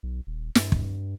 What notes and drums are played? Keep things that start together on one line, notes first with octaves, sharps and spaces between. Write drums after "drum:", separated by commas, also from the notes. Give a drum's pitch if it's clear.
B1
D#1
G2, drum: snare
drum: kick